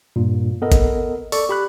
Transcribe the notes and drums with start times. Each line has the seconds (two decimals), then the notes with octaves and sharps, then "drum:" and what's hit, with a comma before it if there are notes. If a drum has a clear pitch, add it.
0.16 G2 A#2
0.62 B3 A4 A#4 D#5
0.72 drum: kick G1, hi-hat
1.32 A4 D5 C#6, drum: open hi-hat
1.49 G4 B5 F#6